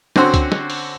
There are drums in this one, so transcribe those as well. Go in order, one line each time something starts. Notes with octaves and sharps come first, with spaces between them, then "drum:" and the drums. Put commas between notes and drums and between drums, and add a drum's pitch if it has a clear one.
D3 C4 C#4 F#4 C5 C6, drum: snare
drum: kick C#2, hi-hat
drum: snare
drum: open hi-hat